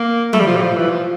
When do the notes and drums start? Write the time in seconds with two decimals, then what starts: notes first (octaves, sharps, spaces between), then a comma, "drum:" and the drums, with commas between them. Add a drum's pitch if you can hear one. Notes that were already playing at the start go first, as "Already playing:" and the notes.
Already playing: A#3
0.33 A3, drum: tom F3
0.40 G3
0.47 F3
0.55 G3
0.61 F3
0.76 E3
0.89 F3